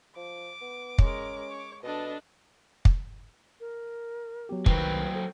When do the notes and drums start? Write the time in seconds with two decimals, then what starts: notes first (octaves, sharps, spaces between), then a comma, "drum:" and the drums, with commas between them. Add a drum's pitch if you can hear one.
0.16 F3 D6
0.61 B3
0.98 G#3 C#4 A#4, drum: kick
1.49 C#5
1.83 B2 D4 A4 B4 D#5
2.85 drum: kick
3.60 A#4
4.49 F#3 B3 G4
4.66 C2 D#3 F#3 C4 A#4 B4, drum: kick
5.15 A4 C5